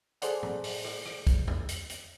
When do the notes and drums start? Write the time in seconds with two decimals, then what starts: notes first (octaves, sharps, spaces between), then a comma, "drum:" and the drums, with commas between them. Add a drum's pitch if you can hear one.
0.22 G#4 A4 C5 D5 F#5, drum: hi-hat
0.43 drum: tom A2
0.64 drum: open hi-hat
0.85 drum: rim click
1.06 drum: rim click
1.27 drum: kick, hi-hat
1.48 drum: tom E2
1.69 drum: hi-hat
1.90 drum: hi-hat